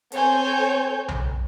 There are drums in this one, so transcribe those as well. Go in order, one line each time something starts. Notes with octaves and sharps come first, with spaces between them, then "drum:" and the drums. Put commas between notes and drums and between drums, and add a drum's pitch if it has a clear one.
C4 A4 C5 C#5 G#5 G6, drum: hi-hat
drum: tom B1